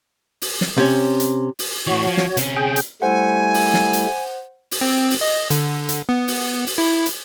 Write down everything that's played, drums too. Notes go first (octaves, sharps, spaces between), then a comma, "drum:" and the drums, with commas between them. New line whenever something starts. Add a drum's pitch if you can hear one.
drum: open hi-hat
drum: snare
C3 C#4
drum: hi-hat
drum: open hi-hat
A2 E3 F#4 C#5
F3
drum: snare
C3 C#4, drum: hi-hat
G#4 G5
drum: hi-hat
G3 A3 E4 C5 F#5 G#5
drum: open hi-hat
drum: snare
drum: hi-hat
drum: open hi-hat
C4
drum: open hi-hat
D#5
D3, drum: hi-hat
drum: hi-hat
B3
drum: open hi-hat
drum: open hi-hat
E4
drum: hi-hat